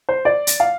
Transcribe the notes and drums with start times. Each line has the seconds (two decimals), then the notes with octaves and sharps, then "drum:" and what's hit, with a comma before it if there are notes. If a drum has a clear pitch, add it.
0.09 C5
0.25 D5
0.47 drum: hi-hat
0.60 F5